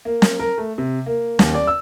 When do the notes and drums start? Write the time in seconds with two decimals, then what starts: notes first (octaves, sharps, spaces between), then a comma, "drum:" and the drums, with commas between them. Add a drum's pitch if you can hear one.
0.05 A#3
0.22 drum: snare
0.40 A#4
0.58 A3
0.78 C3
1.06 A#3
1.39 D#2, drum: snare
1.54 D5
1.67 E6